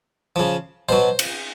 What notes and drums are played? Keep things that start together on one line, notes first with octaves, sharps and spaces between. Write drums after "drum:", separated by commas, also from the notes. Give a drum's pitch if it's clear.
C#3 F3
B2 F#3 C5
drum: cymbal